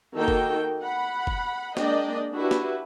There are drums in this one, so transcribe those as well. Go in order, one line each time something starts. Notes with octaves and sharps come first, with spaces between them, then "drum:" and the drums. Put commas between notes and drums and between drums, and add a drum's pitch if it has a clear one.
D#3 A#3 D#4 F#4 A4 G5
drum: kick F1
F#5 B5
drum: kick F1
G#3 A#3 D4 D5 D#5 G5, drum: snare
D4 E4 F#4 G4 B4
drum: snare